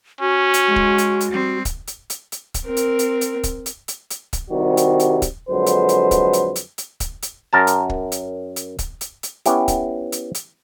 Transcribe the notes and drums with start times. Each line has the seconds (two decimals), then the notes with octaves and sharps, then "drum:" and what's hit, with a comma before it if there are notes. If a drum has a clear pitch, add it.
0.21 C#4 F#4
0.54 drum: hi-hat
0.67 G#3
0.76 drum: kick
0.98 drum: hi-hat
1.21 drum: hi-hat
1.32 G3 C4
1.65 drum: kick, hi-hat
1.88 drum: hi-hat
2.10 drum: hi-hat
2.32 drum: hi-hat
2.54 drum: kick, hi-hat
2.66 C4 A#4
2.77 drum: hi-hat
2.99 drum: hi-hat
3.21 drum: hi-hat
3.44 drum: kick, hi-hat
3.66 drum: hi-hat
3.88 drum: hi-hat
4.11 drum: hi-hat
4.33 drum: kick, hi-hat
4.50 C2 C3 D#3 G3 F#4
4.77 drum: hi-hat
5.00 drum: hi-hat
5.22 drum: kick, hi-hat
5.49 F2 D3 F#3 G#3 B4 C5
5.67 drum: hi-hat
5.89 drum: hi-hat
6.11 drum: kick, hi-hat
6.33 drum: hi-hat
6.56 drum: hi-hat
6.78 drum: hi-hat
7.00 drum: kick, hi-hat
7.23 drum: hi-hat
7.53 F#2 A#4 A5
7.67 drum: hi-hat
7.90 drum: kick
8.12 drum: hi-hat
8.56 drum: hi-hat
8.79 drum: kick, hi-hat
9.01 drum: hi-hat
9.23 drum: hi-hat
9.46 B3 C#4 E4 G4, drum: hi-hat
9.68 drum: kick, hi-hat
10.12 drum: hi-hat
10.35 drum: hi-hat